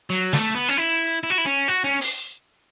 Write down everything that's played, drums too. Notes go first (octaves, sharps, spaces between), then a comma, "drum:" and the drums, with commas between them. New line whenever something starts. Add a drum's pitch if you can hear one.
F#3
A3, drum: snare
B3
C#4, drum: hi-hat
E4
E4
F#4
E4
C#4
F#4
C#4
drum: open hi-hat